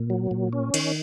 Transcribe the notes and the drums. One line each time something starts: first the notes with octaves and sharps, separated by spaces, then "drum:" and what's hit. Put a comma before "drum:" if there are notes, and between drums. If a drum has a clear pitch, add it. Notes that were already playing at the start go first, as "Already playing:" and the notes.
Already playing: A#2
F#3
A#2
C#4
D#3, drum: cymbal